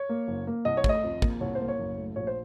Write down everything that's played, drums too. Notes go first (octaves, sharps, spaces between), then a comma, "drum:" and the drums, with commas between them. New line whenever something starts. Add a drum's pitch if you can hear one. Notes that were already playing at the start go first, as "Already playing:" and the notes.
Already playing: C#5
A#3
F#1
A#3
C2 D#5
C#5
A3 D#5, drum: kick
F2
A#3, drum: kick
C2 C#5
A#3 C5
C#5
F#1
A3
A#1 C#5
C5